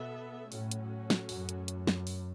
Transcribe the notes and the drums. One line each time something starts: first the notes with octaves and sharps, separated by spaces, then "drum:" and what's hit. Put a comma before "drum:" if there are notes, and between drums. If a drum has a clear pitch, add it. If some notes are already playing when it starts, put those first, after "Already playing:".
Already playing: B2 B3 A4 E5
A2 F#3 A3 C#4 F#4, drum: open hi-hat
drum: hi-hat
drum: snare
F#2, drum: open hi-hat
drum: hi-hat
drum: hi-hat
drum: snare
drum: open hi-hat